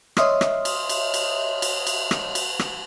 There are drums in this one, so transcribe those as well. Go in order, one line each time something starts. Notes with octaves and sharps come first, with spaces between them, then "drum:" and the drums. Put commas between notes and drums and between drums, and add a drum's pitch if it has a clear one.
C#5 D#5 E5 C6 D#6 F6, drum: rim click
drum: rim click
drum: cymbal
drum: cymbal
drum: cymbal
drum: cymbal
drum: cymbal
drum: rim click
drum: cymbal
drum: rim click